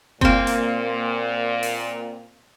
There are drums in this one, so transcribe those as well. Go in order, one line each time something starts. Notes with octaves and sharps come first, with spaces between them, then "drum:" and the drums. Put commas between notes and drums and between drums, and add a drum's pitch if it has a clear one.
A#2 A#3 C4, drum: kick F#1
drum: hi-hat
drum: open hi-hat